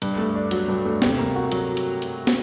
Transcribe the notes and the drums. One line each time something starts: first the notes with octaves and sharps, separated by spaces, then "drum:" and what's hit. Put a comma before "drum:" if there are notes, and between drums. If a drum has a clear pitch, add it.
G2, drum: hi-hat
A3
D4
F#3, drum: hi-hat
G2
A3
C3, drum: snare
A#3
F#4
F#3, drum: hi-hat
drum: hi-hat
drum: hi-hat
drum: snare